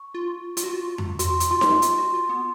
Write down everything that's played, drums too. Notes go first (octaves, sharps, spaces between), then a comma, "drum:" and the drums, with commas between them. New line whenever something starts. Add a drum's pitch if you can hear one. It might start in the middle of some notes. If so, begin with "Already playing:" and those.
Already playing: C#6
F4
F4, drum: hi-hat
F#4
F4
drum: tom F2
F#4 C6, drum: hi-hat
drum: hi-hat
F4 C6
drum: snare D#4
F4, drum: hi-hat
F#4
F4
B3